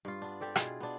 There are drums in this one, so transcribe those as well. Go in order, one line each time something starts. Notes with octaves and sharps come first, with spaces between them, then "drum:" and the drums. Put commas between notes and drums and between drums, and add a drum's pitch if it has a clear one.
G2 F4
B3 D4
C4 G4 A4 D5
B2 E4 F4 G#4, drum: rim click
B3 D4